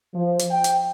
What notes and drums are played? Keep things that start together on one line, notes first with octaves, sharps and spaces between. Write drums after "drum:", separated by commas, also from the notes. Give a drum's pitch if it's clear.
F3
drum: hi-hat
G5
drum: hi-hat